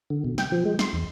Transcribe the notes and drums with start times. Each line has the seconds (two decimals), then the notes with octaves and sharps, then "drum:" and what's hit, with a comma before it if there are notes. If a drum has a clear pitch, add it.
0.10 D3
0.24 B2
0.38 G5, drum: snare
0.52 F3
0.65 G#3
0.79 C6, drum: snare
0.93 E2